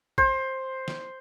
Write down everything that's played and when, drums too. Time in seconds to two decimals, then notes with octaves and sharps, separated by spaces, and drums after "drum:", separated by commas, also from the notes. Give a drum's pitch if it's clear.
0.18 C5, drum: kick
0.88 drum: snare